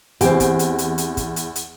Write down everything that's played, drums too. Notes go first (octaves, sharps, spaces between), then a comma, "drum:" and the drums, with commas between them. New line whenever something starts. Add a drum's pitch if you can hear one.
E2 C4 G4, drum: hi-hat
drum: kick, hi-hat
drum: hi-hat
drum: hi-hat
drum: hi-hat
drum: kick, hi-hat
drum: hi-hat
drum: hi-hat